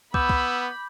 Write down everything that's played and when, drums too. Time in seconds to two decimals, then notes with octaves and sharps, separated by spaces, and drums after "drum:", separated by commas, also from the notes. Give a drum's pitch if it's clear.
0.14 B3 B5 D6 E6 G6, drum: kick
0.29 drum: kick